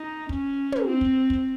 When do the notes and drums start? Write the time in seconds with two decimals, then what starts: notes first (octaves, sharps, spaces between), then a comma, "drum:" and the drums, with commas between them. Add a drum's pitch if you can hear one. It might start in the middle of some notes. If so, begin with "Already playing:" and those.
Already playing: D#4
0.29 C#4, drum: kick
0.72 drum: tom
0.87 C4
1.01 drum: kick
1.30 drum: kick